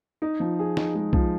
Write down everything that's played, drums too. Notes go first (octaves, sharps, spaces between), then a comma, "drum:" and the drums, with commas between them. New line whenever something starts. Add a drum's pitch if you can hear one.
D#4
F3
G#4
D#4, drum: snare
G#3
F3, drum: kick B1